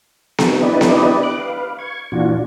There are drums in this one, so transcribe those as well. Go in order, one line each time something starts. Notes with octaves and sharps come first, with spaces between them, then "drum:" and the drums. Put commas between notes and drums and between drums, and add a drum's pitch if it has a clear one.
drum: snare B3
D4 E4 G4 B4 D5 D#5
drum: snare B3
D6 F#6
B4 F5
C#6 G#6
A#2 E3 D4 F4 F#4